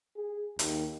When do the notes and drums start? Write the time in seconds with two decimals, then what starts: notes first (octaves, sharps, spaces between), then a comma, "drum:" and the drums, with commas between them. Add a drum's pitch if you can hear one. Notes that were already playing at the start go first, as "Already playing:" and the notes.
0.16 G#4
0.59 D#2, drum: hi-hat